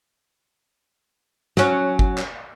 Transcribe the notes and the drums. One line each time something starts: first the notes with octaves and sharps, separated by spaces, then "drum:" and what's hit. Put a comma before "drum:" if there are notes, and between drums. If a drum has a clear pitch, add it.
F#3 C#4, drum: snare
drum: kick G1
drum: clap